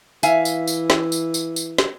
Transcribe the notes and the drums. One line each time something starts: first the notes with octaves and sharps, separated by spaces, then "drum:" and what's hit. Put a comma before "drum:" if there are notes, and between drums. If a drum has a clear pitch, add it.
E3 E5 F5 G#5, drum: tambourine
drum: tambourine
drum: tambourine
drum: snare
drum: tambourine
drum: tambourine
drum: tambourine
drum: snare